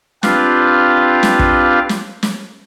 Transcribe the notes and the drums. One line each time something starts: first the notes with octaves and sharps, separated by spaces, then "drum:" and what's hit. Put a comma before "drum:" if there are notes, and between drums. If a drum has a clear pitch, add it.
C4 D4 F4 G4 B4 F5, drum: snare
drum: snare
drum: kick
drum: snare
drum: snare